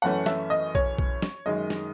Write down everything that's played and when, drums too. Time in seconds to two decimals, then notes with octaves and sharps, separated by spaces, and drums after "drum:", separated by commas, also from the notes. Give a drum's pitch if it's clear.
0.02 F#2 E3 A3 C#4 F#5
0.26 E5, drum: snare
0.50 D#5
0.75 C#5, drum: kick B1
0.98 drum: kick B1
1.22 drum: snare
1.46 F#2 D#3 G#3 D#5
1.70 drum: snare